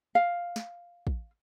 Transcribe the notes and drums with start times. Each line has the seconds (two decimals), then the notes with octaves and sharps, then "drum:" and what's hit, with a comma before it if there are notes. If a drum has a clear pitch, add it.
0.15 F5
0.56 drum: snare
1.07 drum: kick